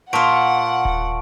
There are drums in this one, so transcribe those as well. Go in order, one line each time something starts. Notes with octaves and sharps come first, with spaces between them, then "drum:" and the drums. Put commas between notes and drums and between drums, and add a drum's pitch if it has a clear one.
A#2 F4 F#5 A5 C#6 D7
drum: kick D1